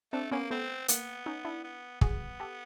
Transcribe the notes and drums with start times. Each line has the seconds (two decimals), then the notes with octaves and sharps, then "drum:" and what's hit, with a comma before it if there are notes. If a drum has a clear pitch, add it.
0.13 A3 C4 D4
0.31 A#3 B3 C#4
0.50 A3 B3 C4
0.88 A#3 B3, drum: hi-hat
1.26 C#4 D#4
1.45 D4 E4
1.64 B3
2.01 B3 F#4 G#4, drum: kick
2.40 G4 A4